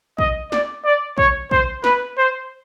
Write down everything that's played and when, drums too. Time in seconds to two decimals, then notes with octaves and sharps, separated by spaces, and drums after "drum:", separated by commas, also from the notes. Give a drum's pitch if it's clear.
0.19 D#5, drum: kick
0.52 D5, drum: snare
0.85 D5
1.18 C#5, drum: kick
1.51 C5, drum: kick
1.84 B4, drum: snare
2.18 C5